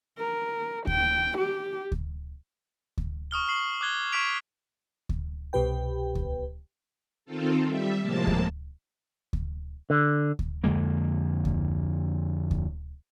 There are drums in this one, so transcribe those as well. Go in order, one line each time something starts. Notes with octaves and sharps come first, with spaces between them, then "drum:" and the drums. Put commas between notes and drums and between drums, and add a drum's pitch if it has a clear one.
A#4
G5, drum: kick D2
G4
drum: kick D2
drum: kick D2
C#6 D#6 F6 G7
C#6 C7 F#7
D6 F#6 G#6 G7
C#6 F6 G#6 B6 D7 F7
drum: kick D2
C2 B2 G4 B4 G5
drum: kick D2
D#3 C4 F4 A4
G3 E5
A2 C3 F3 G#3 A#3 A5
drum: kick D2
drum: kick D2
D3
drum: kick D2
F2 D3 G#3 A#3
drum: kick D2
drum: kick D2